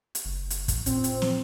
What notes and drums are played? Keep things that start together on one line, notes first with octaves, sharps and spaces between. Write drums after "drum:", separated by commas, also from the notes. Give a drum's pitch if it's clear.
drum: hi-hat
F#1
drum: hi-hat
drum: kick, hi-hat
A#2 C4, drum: hi-hat
drum: hi-hat
drum: snare